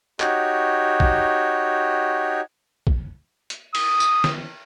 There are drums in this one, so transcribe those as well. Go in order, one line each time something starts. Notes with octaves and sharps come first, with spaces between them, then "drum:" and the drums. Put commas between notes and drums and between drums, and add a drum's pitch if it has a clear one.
D#4 F#4 G4 C#5, drum: clap
drum: kick
drum: kick
drum: hi-hat
D#6, drum: cymbal
drum: tambourine
drum: snare